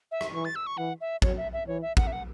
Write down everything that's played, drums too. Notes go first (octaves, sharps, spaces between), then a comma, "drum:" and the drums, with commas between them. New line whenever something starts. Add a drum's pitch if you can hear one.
E5
drum: rim click
E3 C#6
A6
E6
C#6
E3 F#5
E5
F#3 C#5, drum: kick
E5
E5
E3 C#5
E5
F#5, drum: kick
E5
F#5